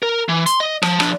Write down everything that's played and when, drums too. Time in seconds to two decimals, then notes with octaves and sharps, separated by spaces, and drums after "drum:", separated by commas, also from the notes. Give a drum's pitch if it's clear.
0.03 A#4
0.29 E3
0.46 C6, drum: hi-hat
0.60 D#5
0.82 F3, drum: rim click
1.00 F3 D4, drum: rim click